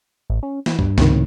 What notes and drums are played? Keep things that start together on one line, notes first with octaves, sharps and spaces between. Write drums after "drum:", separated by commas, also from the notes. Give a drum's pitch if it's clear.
A1
C#4
E3, drum: snare
G2, drum: kick
C#2 C3 D#3, drum: snare
A2